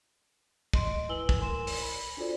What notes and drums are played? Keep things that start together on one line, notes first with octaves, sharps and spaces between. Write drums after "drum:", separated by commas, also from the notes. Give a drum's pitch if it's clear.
D#5 C6 D7, drum: kick
E4 B4 G#5 E6 F#7 G7
drum: kick
A#4 G#5 C6 E7
drum: open hi-hat
B5
D4 F4 F#4 A4 C5 D5